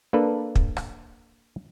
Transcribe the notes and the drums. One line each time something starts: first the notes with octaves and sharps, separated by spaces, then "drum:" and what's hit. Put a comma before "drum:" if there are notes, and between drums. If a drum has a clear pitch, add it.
A#3 D4 A4 B4
drum: kick
drum: rim click